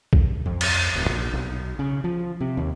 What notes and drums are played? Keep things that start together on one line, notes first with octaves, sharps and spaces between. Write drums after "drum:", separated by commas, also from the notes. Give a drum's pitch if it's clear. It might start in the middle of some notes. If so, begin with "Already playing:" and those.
drum: kick B1
F2
drum: cymbal
D1
A#1
B1
C#3
F3
C3
D#2